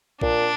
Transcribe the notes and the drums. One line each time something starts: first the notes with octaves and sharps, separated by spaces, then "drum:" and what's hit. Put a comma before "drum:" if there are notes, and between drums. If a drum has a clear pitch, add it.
A#2 D4, drum: kick A#1